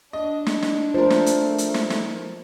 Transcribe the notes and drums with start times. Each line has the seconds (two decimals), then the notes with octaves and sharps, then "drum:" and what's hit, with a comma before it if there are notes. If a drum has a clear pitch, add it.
0.13 D4 D#5
0.46 drum: snare
0.62 drum: snare
0.94 F3 A3 A#4 C5
1.10 drum: snare
1.26 drum: hi-hat
1.58 drum: hi-hat
1.74 drum: snare
1.90 drum: snare